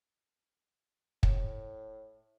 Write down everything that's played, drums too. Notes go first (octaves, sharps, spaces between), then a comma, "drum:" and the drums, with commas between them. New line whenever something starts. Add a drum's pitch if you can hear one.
A2, drum: kick